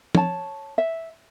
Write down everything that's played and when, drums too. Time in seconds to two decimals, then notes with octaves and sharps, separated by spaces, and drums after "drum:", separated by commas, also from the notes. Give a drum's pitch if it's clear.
0.15 C#5 A5, drum: tom
0.78 E5